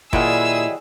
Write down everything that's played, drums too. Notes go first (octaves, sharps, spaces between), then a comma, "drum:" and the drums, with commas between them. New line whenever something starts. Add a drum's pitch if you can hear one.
A#2 D#3 F#3 G3 E4 G#4 E6, drum: kick